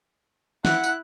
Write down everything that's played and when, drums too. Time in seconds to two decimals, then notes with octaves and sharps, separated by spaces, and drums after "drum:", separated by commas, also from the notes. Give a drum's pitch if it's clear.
0.65 E4 F#5 F#6, drum: snare
0.84 drum: tambourine